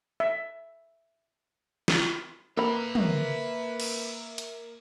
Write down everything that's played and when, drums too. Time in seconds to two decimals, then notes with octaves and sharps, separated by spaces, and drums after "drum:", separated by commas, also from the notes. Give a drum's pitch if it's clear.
0.20 E5
1.88 drum: snare
2.57 A#3 A4 B4 E5 A#5 B5
2.95 drum: tom
3.80 drum: cymbal
4.38 drum: hi-hat